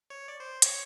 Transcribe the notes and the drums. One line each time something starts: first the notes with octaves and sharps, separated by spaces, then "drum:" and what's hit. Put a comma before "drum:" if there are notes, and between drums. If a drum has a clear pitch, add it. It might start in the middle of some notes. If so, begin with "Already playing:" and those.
C#5
D5
C5
C#5, drum: hi-hat